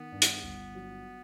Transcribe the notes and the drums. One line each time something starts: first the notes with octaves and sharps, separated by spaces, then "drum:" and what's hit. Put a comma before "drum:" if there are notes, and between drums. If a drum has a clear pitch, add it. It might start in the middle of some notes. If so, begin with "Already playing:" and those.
Already playing: D#3 B3
G2
drum: hi-hat
G1
F#3